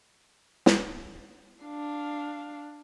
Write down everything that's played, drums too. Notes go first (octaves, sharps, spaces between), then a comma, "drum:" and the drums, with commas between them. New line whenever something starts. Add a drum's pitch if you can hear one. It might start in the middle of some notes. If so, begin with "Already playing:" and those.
drum: snare
D4 F5